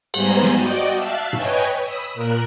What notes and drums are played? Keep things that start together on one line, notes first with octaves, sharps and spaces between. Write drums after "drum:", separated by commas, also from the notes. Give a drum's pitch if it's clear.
G#2 G3 B3 C5 G#5 A#5, drum: cymbal
drum: snare
F#4 D5 D#5 G5
E5 F5 A5 F#6
B4 C#5 D#5 G5 G#5 C#6, drum: tom
B5 D#6 E6
A#2 A#4 F#6